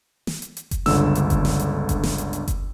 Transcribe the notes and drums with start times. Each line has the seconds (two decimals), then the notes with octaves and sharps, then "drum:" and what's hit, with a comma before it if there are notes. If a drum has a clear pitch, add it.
0.27 drum: snare
0.42 drum: hi-hat
0.57 drum: hi-hat
0.71 drum: kick F#1, hi-hat
0.86 G1 C#2 D3 E6, drum: snare
1.15 drum: hi-hat
1.30 drum: kick F#1, hi-hat
1.45 drum: snare
1.59 drum: hi-hat
1.89 drum: kick F#1, hi-hat
2.03 drum: snare
2.18 drum: hi-hat
2.33 drum: hi-hat
2.48 drum: kick F#1, hi-hat